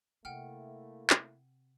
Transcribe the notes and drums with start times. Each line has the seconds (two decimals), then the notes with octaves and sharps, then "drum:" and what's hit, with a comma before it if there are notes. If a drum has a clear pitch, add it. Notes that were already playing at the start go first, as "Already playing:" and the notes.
0.25 C3 A3 A#3 E4 F#5 G5 F6
1.10 drum: clap